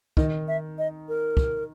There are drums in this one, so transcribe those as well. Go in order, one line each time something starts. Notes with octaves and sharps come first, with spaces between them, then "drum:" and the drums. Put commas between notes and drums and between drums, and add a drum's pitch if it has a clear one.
D#3 D#4 D#5, drum: kick
E5
D#5
A#4
drum: kick